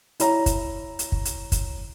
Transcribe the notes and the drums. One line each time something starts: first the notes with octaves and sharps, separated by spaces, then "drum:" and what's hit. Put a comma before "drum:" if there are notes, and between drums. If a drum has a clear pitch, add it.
E4 C#5 A#5, drum: hi-hat
drum: kick, hi-hat
drum: hi-hat
drum: kick
drum: hi-hat
drum: kick, hi-hat